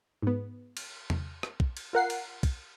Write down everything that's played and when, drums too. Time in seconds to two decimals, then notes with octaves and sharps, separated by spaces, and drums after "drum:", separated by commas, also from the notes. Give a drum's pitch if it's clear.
0.22 G#2 B3
0.77 drum: cymbal
1.10 drum: tom
1.43 drum: rim click
1.60 drum: kick
1.77 drum: cymbal
1.93 F4 A#4 F#5 C7
2.10 drum: cymbal
2.43 drum: kick, cymbal